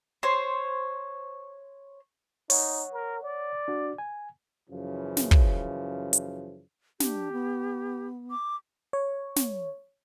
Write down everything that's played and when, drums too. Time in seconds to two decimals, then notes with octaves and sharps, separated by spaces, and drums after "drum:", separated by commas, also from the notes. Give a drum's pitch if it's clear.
0.23 C5 C#5
2.50 D#4 C#5 F#5, drum: open hi-hat
2.93 A#4
3.23 D5
3.68 D4 F#4
3.98 G#5
4.70 F#2 C#3 E3 F3
5.17 drum: snare
5.31 drum: kick
6.13 drum: hi-hat
7.00 D4 G4, drum: snare
7.32 B3
8.31 D6
8.93 C#5
9.36 drum: snare